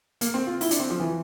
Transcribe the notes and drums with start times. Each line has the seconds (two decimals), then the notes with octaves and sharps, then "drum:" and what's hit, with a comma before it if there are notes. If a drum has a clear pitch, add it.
0.21 A#3, drum: hi-hat
0.34 C4
0.47 F4
0.61 E4, drum: open hi-hat
0.71 D4, drum: hi-hat
0.80 C4
0.90 F3
1.00 E3